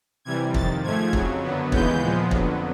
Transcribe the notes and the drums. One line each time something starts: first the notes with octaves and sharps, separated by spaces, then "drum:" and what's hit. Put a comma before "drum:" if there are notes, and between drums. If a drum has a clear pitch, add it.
C3 E3 G3 G#6
F2 C3 D#3 A6, drum: kick
G#2 F3 A3 G#6
F2 C#3 F#3, drum: kick
F#2 D3 F#3 B3
D#2 C#3 E3 G#3 B3 G6, drum: kick
A#2 F3 G#3 B3
F2 D3 F#3 B3, drum: kick